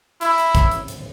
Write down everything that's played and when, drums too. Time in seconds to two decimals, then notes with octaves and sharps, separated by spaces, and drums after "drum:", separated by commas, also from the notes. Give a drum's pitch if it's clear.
0.21 E4, drum: hi-hat
0.38 drum: hi-hat
0.55 drum: kick, hi-hat
0.71 drum: hi-hat
0.88 drum: hi-hat